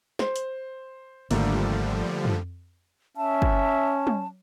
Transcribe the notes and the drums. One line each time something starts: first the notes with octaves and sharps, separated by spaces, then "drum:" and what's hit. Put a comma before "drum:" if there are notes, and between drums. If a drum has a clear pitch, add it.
C5, drum: snare
drum: hi-hat
G#1 D3 F3 G3 A3 A#3, drum: hi-hat
drum: tom
C#4 E5 A5
drum: kick
drum: tom